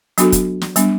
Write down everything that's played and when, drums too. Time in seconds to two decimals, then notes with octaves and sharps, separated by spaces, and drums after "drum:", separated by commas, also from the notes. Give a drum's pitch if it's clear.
0.18 F#3 B3 D4 F#4 A4, drum: hi-hat
0.32 drum: kick, hi-hat
0.62 drum: snare
0.76 G3 B3 D4, drum: hi-hat